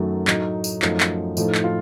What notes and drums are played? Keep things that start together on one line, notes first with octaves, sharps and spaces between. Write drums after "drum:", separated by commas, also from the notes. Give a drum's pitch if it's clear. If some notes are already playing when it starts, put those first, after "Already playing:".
Already playing: F#2 D#3 F#3 A3
A2 F#3 A3 D#4, drum: clap
drum: tambourine
F#2 F3 A3 D#4, drum: clap
drum: clap
A2 F3 A3 D#4, drum: tambourine
drum: clap
F4